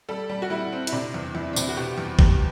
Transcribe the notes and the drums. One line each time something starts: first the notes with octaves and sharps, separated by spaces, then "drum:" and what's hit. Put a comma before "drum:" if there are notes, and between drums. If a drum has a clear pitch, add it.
G3 A4
G3
F#4
G3 E4
C4
E4, drum: hi-hat
C3 D4
E2
E2 E4
D4
C3 E4, drum: tambourine
F#4
B2 G4
E2
E2 G4, drum: kick G#1